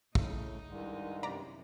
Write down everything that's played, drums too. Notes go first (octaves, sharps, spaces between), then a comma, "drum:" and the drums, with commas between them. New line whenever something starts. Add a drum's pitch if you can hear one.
A2 C#3 A3 D#4, drum: kick
C2 G2 D#3 G#3
F#2 C3 D5 A#5 B6